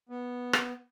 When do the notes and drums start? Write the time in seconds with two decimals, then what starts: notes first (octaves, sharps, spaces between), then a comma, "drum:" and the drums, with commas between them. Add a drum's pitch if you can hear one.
0.09 B3
0.53 drum: rim click